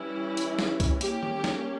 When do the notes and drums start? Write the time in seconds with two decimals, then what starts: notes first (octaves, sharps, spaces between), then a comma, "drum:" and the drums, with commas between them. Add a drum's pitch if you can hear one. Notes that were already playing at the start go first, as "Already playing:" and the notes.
Already playing: E3 G3 C#4 E4
0.37 drum: hi-hat
0.59 drum: snare
0.80 drum: kick C2, hi-hat
1.01 G3 A#3 C#4 G4, drum: hi-hat
1.23 drum: tom D#3
1.44 drum: snare